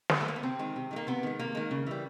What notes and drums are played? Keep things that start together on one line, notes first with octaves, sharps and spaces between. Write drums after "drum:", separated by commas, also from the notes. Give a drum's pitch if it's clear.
drum: snare
A3
A#3
B3
C3 C4
D#3 G#3
C3
D#3 G#3
A#3
C3 B3
D#3 G#3
C3 A#3
D#3 G#3
C#3
E3 G3